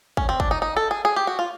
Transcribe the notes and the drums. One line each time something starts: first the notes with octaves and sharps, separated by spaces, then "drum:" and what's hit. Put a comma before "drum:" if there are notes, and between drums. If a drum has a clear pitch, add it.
C#4, drum: kick
C4
D4, drum: kick
D#4
D#4
A4
G#4
G#4
G4
F#4
F4